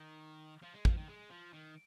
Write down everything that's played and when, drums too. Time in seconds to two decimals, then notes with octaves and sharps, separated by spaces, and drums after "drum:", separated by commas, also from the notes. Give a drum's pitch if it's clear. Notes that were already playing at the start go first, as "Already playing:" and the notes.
Already playing: D#3
0.63 F3
0.74 G#3
0.85 F3, drum: kick
0.97 D#3
1.08 G#3
1.30 F3
1.53 D#3